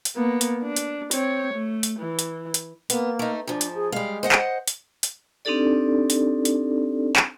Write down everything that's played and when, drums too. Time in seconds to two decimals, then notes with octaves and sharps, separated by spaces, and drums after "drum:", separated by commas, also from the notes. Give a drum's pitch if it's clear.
0.05 drum: hi-hat
0.16 A#3 B3
0.41 drum: hi-hat
0.63 D4
0.76 drum: hi-hat
1.11 C4 C#5, drum: hi-hat
1.53 A3
1.83 drum: hi-hat
1.99 E3
2.19 drum: hi-hat
2.54 drum: hi-hat
2.90 A#3 B3, drum: hi-hat
3.19 A3 D#4
3.47 G#2 F3 D4
3.61 drum: hi-hat
3.75 G#4
3.92 G3 G#3 F5
4.23 C5 D#5 F#5
4.32 drum: clap
4.68 drum: hi-hat
5.03 drum: hi-hat
5.45 C4 D4 D#4 G4 A4 D5
6.10 drum: hi-hat
6.45 drum: hi-hat
7.16 drum: clap